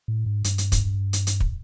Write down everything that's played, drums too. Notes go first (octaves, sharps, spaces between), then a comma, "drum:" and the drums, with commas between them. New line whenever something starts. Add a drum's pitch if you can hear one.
A2
G#2
G2, drum: hi-hat
drum: hi-hat
drum: kick, hi-hat
drum: hi-hat
drum: hi-hat
drum: kick